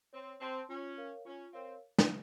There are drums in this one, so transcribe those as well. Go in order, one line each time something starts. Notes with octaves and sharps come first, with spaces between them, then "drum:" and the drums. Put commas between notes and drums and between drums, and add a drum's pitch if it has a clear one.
C4 C#5
C4 A5 C6
C#4 F4
A#4 C#5 F5
C#4 F4
C4 A#4 C#5 F5
drum: snare